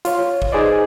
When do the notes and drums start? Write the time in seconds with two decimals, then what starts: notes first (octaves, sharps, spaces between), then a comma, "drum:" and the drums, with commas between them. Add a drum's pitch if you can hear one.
0.05 F4 C#5, drum: hi-hat
0.42 drum: kick
0.52 D#4 G#4 B4 C5 D5 D#5